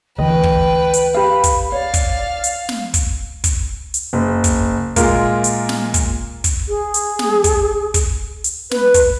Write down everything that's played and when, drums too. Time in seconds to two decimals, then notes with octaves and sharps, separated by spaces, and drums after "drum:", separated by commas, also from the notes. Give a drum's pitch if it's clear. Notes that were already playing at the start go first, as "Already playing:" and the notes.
0.18 D2 E3 B4 D#5 G5
0.43 drum: kick
0.94 drum: hi-hat
1.14 G4 F5 B5
1.44 drum: kick, hi-hat
1.72 C#5 D5 F5
1.94 drum: kick, hi-hat
2.44 drum: hi-hat
2.69 drum: snare
2.94 drum: kick, hi-hat
3.44 drum: kick, hi-hat
3.94 drum: hi-hat
4.13 F#1
4.44 drum: kick, hi-hat
4.96 A#2 G#3 F4 A#4, drum: kick, hi-hat
5.44 drum: hi-hat
5.69 drum: snare
5.94 drum: kick, hi-hat
6.44 drum: kick, hi-hat
6.68 G#4
6.94 drum: hi-hat
7.19 drum: snare
7.44 drum: kick, hi-hat
7.94 drum: kick, hi-hat
8.44 drum: hi-hat
8.71 B4, drum: snare
8.94 drum: kick, hi-hat